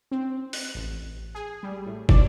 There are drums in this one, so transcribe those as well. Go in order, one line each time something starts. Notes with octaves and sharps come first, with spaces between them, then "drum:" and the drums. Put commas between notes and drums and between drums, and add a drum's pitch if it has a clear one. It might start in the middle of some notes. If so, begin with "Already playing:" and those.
C4
F#6, drum: open hi-hat
A1
G#4
G3
A2
D5, drum: kick